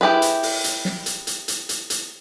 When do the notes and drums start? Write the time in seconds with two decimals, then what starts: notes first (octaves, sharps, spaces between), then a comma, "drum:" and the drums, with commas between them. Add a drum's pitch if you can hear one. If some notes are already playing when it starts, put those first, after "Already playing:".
0.01 E4 G4 G#4 B4
0.22 drum: hi-hat
0.43 drum: open hi-hat
0.64 drum: hi-hat
0.85 drum: snare
1.06 drum: hi-hat
1.27 drum: hi-hat
1.48 drum: hi-hat
1.69 drum: hi-hat
1.90 drum: hi-hat